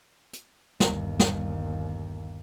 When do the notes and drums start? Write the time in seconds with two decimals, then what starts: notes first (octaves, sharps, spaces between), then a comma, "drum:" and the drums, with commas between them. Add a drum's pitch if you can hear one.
0.33 drum: hi-hat
0.80 G1 D#2, drum: snare
1.19 drum: snare